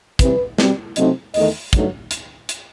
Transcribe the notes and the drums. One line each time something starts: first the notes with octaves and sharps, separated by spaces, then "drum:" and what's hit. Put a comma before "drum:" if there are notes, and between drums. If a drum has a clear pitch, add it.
E2 C3 E3 G3 C4 B4, drum: kick, hi-hat
B2 G3 C4, drum: snare
C3 F#3 A3 C4 D#4 D#5, drum: hi-hat
E2 D#3 A3 D#5, drum: open hi-hat
G2 F#3 A3 D#4, drum: kick, hi-hat
drum: hi-hat
drum: hi-hat